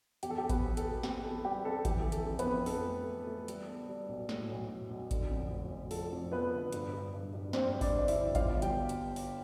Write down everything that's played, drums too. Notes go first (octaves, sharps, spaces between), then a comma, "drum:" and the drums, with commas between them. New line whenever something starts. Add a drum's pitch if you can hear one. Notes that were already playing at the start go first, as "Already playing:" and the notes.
E2 G4, drum: hi-hat
A4
G4
E2
B3 B4, drum: kick A1, hi-hat
E2
A4, drum: hi-hat
B2
C4 G4, drum: snare
E2 A4
G3 G4
C4 A4
E3 G4, drum: kick A1, hi-hat
E3
A4, drum: hi-hat
F2
B3 B4, drum: hi-hat
F2
F2 A4, drum: open hi-hat
A3
A3
A3
G3, drum: hi-hat
B3
G3
B1
A2, drum: snare
B1
B1
B1
D3, drum: kick A1, hi-hat
F2
F1
F1
F3 A4, drum: open hi-hat
F2
F3 B3 B4
D3
G2, drum: hi-hat
G2
G2
G2
G2 C4 C5, drum: snare
G3
D4 D5, drum: kick A1, open hi-hat
D3 D5
E4 E5, drum: open hi-hat
G2
G1 F4 F5, drum: kick A1, hi-hat
G1
G4 G5, drum: hi-hat
drum: hi-hat
drum: open hi-hat